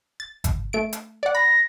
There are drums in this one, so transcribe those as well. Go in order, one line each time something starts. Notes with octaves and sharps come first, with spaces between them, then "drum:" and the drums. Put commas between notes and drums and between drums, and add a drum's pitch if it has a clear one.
A6
drum: kick, hi-hat
A3 D7
drum: hi-hat
D5 F#5
B5 A#6